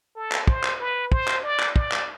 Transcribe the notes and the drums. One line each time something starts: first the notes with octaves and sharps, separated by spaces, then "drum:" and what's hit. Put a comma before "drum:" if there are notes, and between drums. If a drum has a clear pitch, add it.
A4
drum: clap
C5, drum: kick
drum: clap
B4
C5, drum: kick
drum: clap
D5
drum: clap
D5, drum: kick
drum: clap